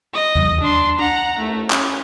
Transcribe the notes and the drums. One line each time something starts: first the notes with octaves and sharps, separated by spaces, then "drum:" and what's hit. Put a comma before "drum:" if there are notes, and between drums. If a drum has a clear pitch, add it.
D#5 D#6
drum: tom E2
D4 C6
F#5 A#5
A3, drum: cymbal
C#4, drum: clap